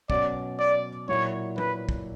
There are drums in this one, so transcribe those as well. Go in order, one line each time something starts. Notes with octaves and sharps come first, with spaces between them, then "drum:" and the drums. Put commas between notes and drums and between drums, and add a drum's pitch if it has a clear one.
B2 F#3 C#4 F#4 D5, drum: kick
D5
A#2 F#3 A#3 E4 C#5
B4, drum: tom
drum: kick